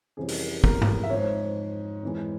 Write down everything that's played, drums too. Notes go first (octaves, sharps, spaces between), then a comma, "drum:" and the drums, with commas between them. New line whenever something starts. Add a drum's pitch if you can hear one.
F2 C3 E3 G3 C#4 G#4
drum: open hi-hat
A#4, drum: kick
drum: tom G#2
E5
G#2 F3 C4 C#5
F2 E3 G#3